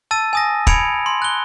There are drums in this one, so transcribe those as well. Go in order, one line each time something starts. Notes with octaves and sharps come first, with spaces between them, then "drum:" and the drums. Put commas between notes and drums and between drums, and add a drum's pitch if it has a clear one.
A5 E6 A6 D#7
G#5 D#6 A#6
B5 G#6 C#7 D7 F7, drum: kick
C6
F#6 G7